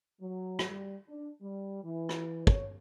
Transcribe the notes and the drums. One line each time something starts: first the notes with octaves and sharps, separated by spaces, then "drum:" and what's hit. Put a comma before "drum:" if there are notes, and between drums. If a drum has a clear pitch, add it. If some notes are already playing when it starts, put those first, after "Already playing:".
F#3
drum: rim click
G3
D4
G3
E3
drum: rim click
C#5, drum: kick